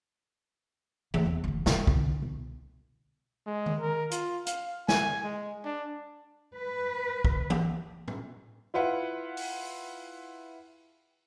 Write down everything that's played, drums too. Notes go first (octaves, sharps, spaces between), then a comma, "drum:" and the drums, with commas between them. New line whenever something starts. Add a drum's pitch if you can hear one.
A3 A#3, drum: tom E3
E2
D2 E3
G2 B2, drum: snare
C2 D3, drum: kick
B1
G#3
drum: tom D#3
A#4
F4, drum: hi-hat
F5, drum: hi-hat
G#5, drum: snare
G#3
D4
B4
drum: kick
drum: tom E3
drum: tom A2
E4 F4 B4 F#5
drum: open hi-hat